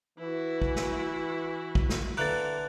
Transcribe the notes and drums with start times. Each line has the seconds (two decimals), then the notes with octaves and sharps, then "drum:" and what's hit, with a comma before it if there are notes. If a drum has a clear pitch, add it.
0.19 E3 E4 F#4
0.62 drum: kick
0.76 drum: snare
1.75 drum: kick
1.90 drum: snare
2.17 D3 E3 A#3 A4 F#6 A6